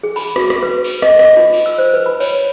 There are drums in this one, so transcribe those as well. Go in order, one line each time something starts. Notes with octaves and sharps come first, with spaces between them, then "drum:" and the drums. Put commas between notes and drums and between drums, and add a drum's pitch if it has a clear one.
G#4
B5, drum: cymbal
F#4, drum: rim click
drum: rim click
B4
drum: cymbal
D#5, drum: rim click
D#5, drum: rim click
F4
drum: cymbal
E6
C5
B4
B5
C#5, drum: cymbal